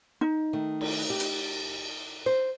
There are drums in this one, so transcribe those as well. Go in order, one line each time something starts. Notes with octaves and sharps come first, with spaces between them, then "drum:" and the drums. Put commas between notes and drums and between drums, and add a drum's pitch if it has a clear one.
D#4
D#3 A3
drum: cymbal
G4
drum: hi-hat
C5